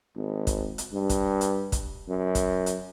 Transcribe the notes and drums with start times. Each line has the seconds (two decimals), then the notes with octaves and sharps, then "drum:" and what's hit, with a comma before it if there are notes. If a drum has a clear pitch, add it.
0.16 G#1
0.47 drum: kick, hi-hat
0.78 drum: hi-hat
0.94 G2
1.09 drum: kick, hi-hat
1.41 drum: hi-hat
1.72 drum: kick, hi-hat
2.08 F#2
2.35 drum: kick, hi-hat
2.66 drum: hi-hat